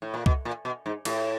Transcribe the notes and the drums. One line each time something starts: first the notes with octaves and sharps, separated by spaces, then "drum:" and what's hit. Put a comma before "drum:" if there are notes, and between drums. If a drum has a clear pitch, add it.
A2
A#2
B2, drum: kick C2
A#2
B2
G#2
A2, drum: cymbal